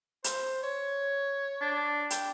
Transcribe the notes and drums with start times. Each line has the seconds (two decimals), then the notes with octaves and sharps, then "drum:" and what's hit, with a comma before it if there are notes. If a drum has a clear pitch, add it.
0.24 C5, drum: hi-hat
0.63 C#5
1.61 D4
2.10 G5, drum: hi-hat